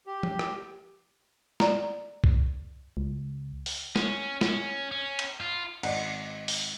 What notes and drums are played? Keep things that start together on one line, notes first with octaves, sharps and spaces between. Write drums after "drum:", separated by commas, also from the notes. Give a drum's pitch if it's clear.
G4
drum: tom F3
drum: rim click
D5 A#5, drum: snare
drum: kick C2
C#2
drum: open hi-hat
C#4, drum: snare
C#4, drum: snare
C#4
drum: cymbal
F4
G#1 D5 D#5 F#5, drum: cymbal
drum: open hi-hat